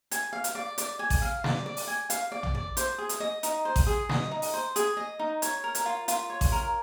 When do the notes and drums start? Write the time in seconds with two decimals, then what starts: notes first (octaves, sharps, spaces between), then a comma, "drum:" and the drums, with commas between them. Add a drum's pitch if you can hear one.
0.11 G#5, drum: hi-hat
0.33 F5
0.44 drum: hi-hat
0.55 D5
0.78 D5, drum: hi-hat
0.99 G#5
1.10 drum: kick A1, open hi-hat
1.22 F5
1.44 D5, drum: snare
1.66 D5
1.77 drum: open hi-hat
1.87 G#5
2.10 F5, drum: hi-hat
2.32 D5
2.43 drum: tom
2.55 D5
2.77 C5, drum: hi-hat
2.98 G#4
3.09 drum: hi-hat
3.20 D#5
3.43 D#4, drum: hi-hat
3.65 C5
3.76 drum: kick A1, open hi-hat
3.87 G#4
4.09 D#5, drum: snare
4.32 D#4
4.42 drum: open hi-hat
4.54 C5
4.76 G#4, drum: hi-hat
4.97 D#5
5.19 D#4
5.42 C#5, drum: hi-hat
5.64 A#4
5.75 drum: hi-hat
5.86 F4
6.08 F4, drum: hi-hat
6.30 C#5
6.41 drum: kick A1, open hi-hat
6.52 A#4